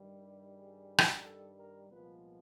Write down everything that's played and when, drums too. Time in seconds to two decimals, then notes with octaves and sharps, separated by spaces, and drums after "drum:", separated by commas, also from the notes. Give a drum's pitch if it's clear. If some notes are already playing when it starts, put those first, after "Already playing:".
Already playing: G2 D#3 G3
0.22 G4
0.55 G#4
0.98 drum: rim click
1.23 A4
1.56 A#4
1.89 C2 A#2 F3 G#3 B3 B4